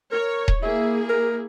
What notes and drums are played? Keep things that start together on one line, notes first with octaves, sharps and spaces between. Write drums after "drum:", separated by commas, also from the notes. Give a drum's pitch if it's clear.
A#4 C#5
drum: kick D#1
A#3 E4 G#4 E5
A#4